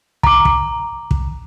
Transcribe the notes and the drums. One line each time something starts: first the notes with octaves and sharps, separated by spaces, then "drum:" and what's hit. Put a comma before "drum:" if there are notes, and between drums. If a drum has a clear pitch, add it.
A#5 D6, drum: kick
drum: kick
drum: kick